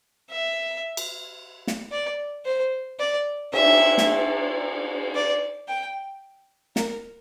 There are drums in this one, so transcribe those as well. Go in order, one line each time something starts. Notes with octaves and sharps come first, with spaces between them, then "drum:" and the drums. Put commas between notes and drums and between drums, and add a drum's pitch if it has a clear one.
E5
drum: cymbal
drum: snare
D5
C5
D5
E5, drum: cymbal
drum: snare
D5
G5
A#4, drum: snare